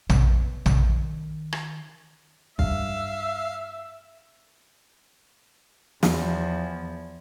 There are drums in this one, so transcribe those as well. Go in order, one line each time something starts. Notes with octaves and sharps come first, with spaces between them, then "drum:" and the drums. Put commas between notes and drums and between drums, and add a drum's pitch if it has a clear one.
B3, drum: tom A#1
D#3, drum: tom A#1
drum: rim click
G2 E5 F5, drum: kick
E2 F3, drum: snare